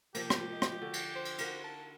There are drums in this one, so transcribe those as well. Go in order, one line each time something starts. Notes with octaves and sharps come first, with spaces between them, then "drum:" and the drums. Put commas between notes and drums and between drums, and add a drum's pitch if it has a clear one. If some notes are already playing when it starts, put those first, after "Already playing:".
C3 F3 A#3 G4, drum: cymbal
drum: rim click
D#5
drum: rim click
D3 F#4
drum: cymbal
C5
drum: cymbal
F#4 A#4 F5, drum: cymbal
A5